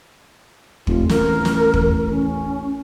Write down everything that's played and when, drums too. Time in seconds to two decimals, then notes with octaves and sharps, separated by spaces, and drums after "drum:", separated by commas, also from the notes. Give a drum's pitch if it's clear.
0.87 F1 F4, drum: kick
1.09 A1 A#4, drum: snare
1.45 drum: snare
1.74 drum: kick
2.06 C#4